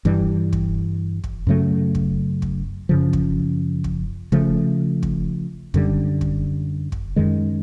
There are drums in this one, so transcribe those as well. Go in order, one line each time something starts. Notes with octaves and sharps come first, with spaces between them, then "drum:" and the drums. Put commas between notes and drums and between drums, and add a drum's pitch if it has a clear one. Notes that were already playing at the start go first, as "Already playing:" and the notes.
G2 E3 G3, drum: kick
drum: kick
drum: kick
F#2 C#3 F#3 A3
drum: kick
drum: kick
F#2 C#3 F3
drum: kick
drum: kick
C#3 F3 A3, drum: kick
drum: kick
F#2 D3 G3, drum: kick
drum: kick
drum: kick
F#2 D#3 G#3